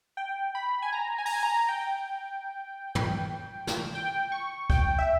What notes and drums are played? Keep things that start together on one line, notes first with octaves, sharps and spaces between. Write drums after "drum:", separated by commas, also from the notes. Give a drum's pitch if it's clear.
G5
B5
G#5
A#5
G#5
A#5, drum: open hi-hat
G#5
A#5
G5
drum: tom
drum: snare
G5
C#6
G5, drum: kick C#2
E5